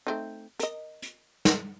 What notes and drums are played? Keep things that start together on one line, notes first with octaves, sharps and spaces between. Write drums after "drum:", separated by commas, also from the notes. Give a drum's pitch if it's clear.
A3 C4 D#4
A#4 D#5, drum: hi-hat
drum: hi-hat
drum: snare